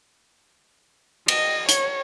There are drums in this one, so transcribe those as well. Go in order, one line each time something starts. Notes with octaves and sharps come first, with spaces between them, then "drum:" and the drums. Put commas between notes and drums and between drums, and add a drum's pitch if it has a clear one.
D#5, drum: cymbal
C#5, drum: hi-hat